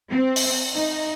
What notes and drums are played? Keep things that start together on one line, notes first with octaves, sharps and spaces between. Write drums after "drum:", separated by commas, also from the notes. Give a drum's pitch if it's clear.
C4
drum: open hi-hat
D#4